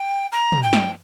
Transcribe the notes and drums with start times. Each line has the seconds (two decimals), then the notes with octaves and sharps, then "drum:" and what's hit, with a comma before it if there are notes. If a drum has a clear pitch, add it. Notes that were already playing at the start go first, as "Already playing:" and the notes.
Already playing: G5
0.32 A#5
0.52 drum: tom
0.62 G5
0.73 drum: snare